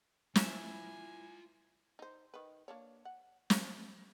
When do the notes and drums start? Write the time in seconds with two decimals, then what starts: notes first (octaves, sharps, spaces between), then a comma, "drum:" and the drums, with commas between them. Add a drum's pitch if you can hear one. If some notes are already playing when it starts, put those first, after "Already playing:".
0.36 E4 F4 B4 E5 G#5, drum: snare
1.99 D#4 C5
2.34 D#3 B4
2.68 A#3 D4 C#5
3.05 F#5
3.50 drum: snare